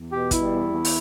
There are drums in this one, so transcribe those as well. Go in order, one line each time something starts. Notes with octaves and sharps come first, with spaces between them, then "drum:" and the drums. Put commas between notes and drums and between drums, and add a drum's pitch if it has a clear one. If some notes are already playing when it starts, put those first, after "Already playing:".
Already playing: E2
B2 G4
G3 E4, drum: kick, hi-hat
E2
E2
drum: open hi-hat